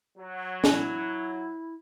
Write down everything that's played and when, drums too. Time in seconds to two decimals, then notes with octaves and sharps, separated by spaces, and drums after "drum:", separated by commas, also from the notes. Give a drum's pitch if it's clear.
0.17 F#3
0.64 E4, drum: snare